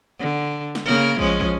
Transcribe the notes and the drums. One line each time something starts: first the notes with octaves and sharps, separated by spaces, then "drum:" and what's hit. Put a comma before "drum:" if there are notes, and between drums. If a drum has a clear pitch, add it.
D3
drum: snare
C#3 A#3 A#4
F3 G#3 C#4, drum: kick
drum: kick